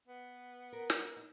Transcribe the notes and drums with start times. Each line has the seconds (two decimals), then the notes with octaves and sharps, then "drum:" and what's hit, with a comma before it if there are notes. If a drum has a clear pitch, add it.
0.08 B3
0.73 A#4
0.90 drum: snare
1.17 D#4